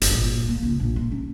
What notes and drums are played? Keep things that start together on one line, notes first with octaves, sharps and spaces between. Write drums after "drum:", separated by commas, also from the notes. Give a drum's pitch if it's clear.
G1, drum: hi-hat
A#1
A#3
C#2
A#1
D#4
C#4